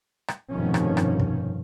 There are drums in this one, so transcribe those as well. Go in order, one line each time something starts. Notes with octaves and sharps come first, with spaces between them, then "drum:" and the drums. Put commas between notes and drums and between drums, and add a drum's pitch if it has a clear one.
drum: rim click
F1 G2 B2 D#3 F3 C#4
drum: rim click
drum: rim click
drum: kick